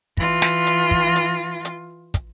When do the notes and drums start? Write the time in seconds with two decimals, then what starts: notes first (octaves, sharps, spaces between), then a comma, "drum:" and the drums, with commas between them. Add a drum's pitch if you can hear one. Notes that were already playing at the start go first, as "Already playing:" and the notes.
0.17 E3 F4, drum: kick
0.42 drum: snare
0.67 drum: hi-hat
0.91 drum: kick
1.16 drum: hi-hat
1.65 drum: hi-hat
2.14 drum: kick, hi-hat